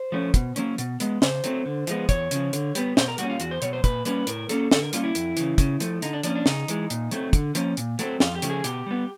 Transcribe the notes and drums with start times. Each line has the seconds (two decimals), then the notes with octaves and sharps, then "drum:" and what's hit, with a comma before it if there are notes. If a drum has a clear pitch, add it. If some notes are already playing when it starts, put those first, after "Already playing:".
Already playing: C5
0.12 F3 A3 C#4
0.34 B2, drum: kick, hi-hat
0.56 F#3 A#3 C#4, drum: hi-hat
0.78 B2, drum: hi-hat
1.00 G#3 B3, drum: hi-hat
1.22 C#3 C5, drum: snare
1.44 F#3 A3 C4, drum: hi-hat
1.66 D3
1.87 F3 G#3 B3, drum: hi-hat
2.09 E2 C#5, drum: kick, hi-hat
2.31 C#3 F3, drum: hi-hat
2.53 D3, drum: hi-hat
2.75 G3 B3, drum: hi-hat
2.97 B2 C5, drum: snare
3.08 A#4
3.18 G3 A#3 C#4 F#4, drum: hi-hat
3.30 F4
3.40 E2 F#4, drum: hi-hat
3.51 C5
3.62 B2 F#3 C#5, drum: hi-hat
3.73 C5
3.84 A#2 B4, drum: kick, hi-hat
4.05 G3 A#3 C#4 B4, drum: hi-hat
4.27 A2 A#4, drum: hi-hat
4.49 F#3 A#3 C#4 A4, drum: hi-hat
4.71 D3 A4, drum: snare
4.83 A#4
4.93 G3 A#3 C#4 F4, drum: hi-hat
5.04 E4
5.15 F2, drum: hi-hat
5.37 C#3 E3, drum: hi-hat
5.58 C#3, drum: kick, hi-hat
5.80 F3 A3, drum: hi-hat
6.02 D3 D#4, drum: hi-hat
6.13 D4
6.23 F3 A#3 C#4 D4, drum: hi-hat
6.35 D4
6.46 C#3 D#4, drum: snare
6.68 E3 G#3, drum: hi-hat
6.90 A#2, drum: hi-hat
7.11 F#3 A3 C4, drum: hi-hat
7.33 D3, drum: kick, hi-hat
7.55 F3 A#3 C#4, drum: hi-hat
7.77 A#2, drum: hi-hat
7.99 F#3 A3 C4, drum: hi-hat
8.20 F2 F4, drum: snare
8.35 G4
8.42 C#3 F3 A3, drum: hi-hat
8.50 G#4
8.64 B2 G4, drum: hi-hat
8.86 G3 B3